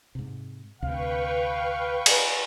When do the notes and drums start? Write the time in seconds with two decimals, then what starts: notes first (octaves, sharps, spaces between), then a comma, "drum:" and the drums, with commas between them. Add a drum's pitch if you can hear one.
0.15 G#2 C3
0.82 D2 C3 B4 F5 G5 C#6
2.06 drum: cymbal